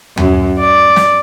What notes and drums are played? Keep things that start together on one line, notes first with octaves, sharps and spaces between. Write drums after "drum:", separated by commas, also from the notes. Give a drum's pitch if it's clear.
F#2, drum: tom D#2
D5
drum: snare